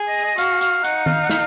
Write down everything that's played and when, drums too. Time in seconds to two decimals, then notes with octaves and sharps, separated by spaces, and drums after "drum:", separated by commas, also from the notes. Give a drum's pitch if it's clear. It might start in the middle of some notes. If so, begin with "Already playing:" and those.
Already playing: G#4
0.08 D#5
0.24 D#5
0.38 F#4 F5, drum: hi-hat
0.61 F5, drum: hi-hat
0.84 D#4 F#5, drum: hi-hat
1.06 F5, drum: tom D#3
1.25 F#5
1.30 F5, drum: snare